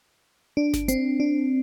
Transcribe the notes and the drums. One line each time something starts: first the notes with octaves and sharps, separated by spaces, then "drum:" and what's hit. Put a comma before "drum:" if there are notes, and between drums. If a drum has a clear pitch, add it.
D4
drum: snare G1
C4, drum: hi-hat
D4